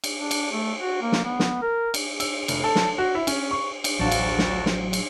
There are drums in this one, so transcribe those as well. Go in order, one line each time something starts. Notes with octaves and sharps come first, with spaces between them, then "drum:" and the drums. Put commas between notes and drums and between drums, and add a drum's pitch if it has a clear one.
drum: cymbal
D4
drum: cymbal
A3
F#4
A#3
drum: snare
B3
drum: snare
A#4
drum: cymbal
E6, drum: cymbal
F1, drum: cymbal
A4
drum: snare
F#4
E4
C#4, drum: cymbal
C#6
drum: cymbal
A1 D2 A2 F3 F#3 D4 F#4 A5
drum: cymbal
drum: snare
drum: snare
drum: cymbal